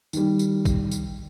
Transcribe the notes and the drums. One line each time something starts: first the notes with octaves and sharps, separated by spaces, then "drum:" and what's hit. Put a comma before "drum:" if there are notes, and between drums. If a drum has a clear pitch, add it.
D#3 G3, drum: tambourine
drum: tambourine
drum: kick A1, tambourine
drum: tambourine